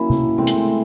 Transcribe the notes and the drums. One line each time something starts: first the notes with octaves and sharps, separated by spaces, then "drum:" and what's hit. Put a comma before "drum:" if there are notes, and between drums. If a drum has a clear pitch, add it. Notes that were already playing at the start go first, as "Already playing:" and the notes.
Already playing: D#3 F#3 A#3 C#4 E4 E5
drum: tom C3
A2 E3 G#3 C4
drum: hi-hat